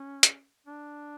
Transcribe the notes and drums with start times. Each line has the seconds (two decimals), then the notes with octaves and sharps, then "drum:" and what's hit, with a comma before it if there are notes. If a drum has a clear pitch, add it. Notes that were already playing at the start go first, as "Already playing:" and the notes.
Already playing: C#4
0.23 drum: hi-hat
0.66 D4